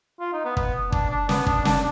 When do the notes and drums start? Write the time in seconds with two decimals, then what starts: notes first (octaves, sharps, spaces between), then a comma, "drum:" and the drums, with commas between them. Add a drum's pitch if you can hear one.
0.20 F4
0.33 D#4
0.45 B3
0.57 B3, drum: kick
0.92 D4, drum: kick
1.10 D4
1.29 B3, drum: snare
1.46 D4, drum: kick
1.65 D4, drum: snare